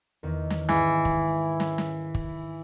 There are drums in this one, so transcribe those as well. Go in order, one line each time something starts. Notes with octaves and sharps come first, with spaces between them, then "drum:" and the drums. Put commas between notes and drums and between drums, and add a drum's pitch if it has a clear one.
E2 D#3
drum: snare
G#2 E3 F5, drum: snare
drum: kick
drum: snare
drum: snare
drum: kick